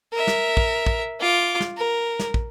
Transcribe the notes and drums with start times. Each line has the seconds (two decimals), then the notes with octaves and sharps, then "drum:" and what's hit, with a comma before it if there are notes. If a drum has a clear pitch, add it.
0.13 A#4 E5
0.27 drum: snare
0.57 drum: kick
0.86 drum: kick
1.20 F4 D6
1.60 drum: snare
1.77 A#4
2.19 drum: snare
2.34 drum: kick